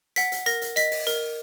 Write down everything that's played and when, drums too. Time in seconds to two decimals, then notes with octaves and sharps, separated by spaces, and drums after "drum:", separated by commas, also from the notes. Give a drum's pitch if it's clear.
0.16 F#5 B6, drum: hi-hat
0.32 drum: hi-hat
0.46 A#4 A#6, drum: hi-hat
0.62 drum: hi-hat
0.76 D#5 B6, drum: hi-hat
0.91 drum: open hi-hat
1.07 A#4, drum: hi-hat